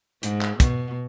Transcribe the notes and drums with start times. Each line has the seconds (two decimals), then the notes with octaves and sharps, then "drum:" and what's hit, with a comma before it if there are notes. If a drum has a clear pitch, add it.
0.23 G#2, drum: hi-hat
0.41 drum: clap
0.60 B2, drum: kick, hi-hat